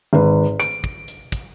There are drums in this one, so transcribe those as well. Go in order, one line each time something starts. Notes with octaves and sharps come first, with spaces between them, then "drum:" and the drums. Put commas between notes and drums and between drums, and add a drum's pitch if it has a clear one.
G#1 B4
D7, drum: hi-hat
drum: kick
drum: hi-hat
drum: kick, hi-hat